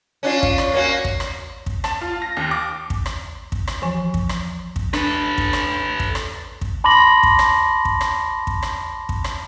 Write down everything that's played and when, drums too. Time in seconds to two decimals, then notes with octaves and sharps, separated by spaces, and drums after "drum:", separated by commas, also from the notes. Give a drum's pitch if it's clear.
0.23 C#4 D4 F4
0.43 drum: kick
0.58 drum: rim click
0.74 A#3 C#4 F#4
1.04 drum: kick
1.20 drum: rim click
1.66 drum: kick
1.84 A5, drum: rim click
2.01 F4
2.22 A#6
2.37 D#2
2.51 D6
2.90 drum: kick
3.06 drum: rim click
3.52 drum: kick
3.67 drum: rim click
3.82 E3 F3 G#5
4.14 drum: kick
4.29 drum: rim click
4.76 drum: kick
4.93 D4 A4 B4, drum: rim click
5.38 drum: kick
5.53 drum: rim click
6.00 drum: kick
6.15 drum: rim click
6.61 drum: kick
6.84 A5 B5 C6 D6 A#6 F#7
7.23 drum: kick
7.39 drum: rim click
7.85 drum: kick
8.01 drum: rim click
8.47 drum: kick
8.62 drum: rim click
9.09 drum: kick
9.24 drum: rim click